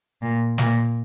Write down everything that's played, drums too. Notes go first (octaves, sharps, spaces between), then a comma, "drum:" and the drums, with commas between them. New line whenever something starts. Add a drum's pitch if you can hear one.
A#2
A#2, drum: snare